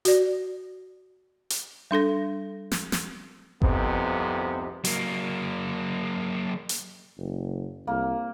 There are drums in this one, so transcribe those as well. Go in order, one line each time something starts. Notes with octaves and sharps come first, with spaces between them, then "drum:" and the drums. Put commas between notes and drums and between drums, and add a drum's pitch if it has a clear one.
F#4 D5, drum: hi-hat
drum: hi-hat
G3 D4 A4 A#6
drum: snare
drum: snare
C2 F2 G#2 C3 B3, drum: kick G1
F#3 A#3, drum: hi-hat
drum: hi-hat
F#1
C2 A#3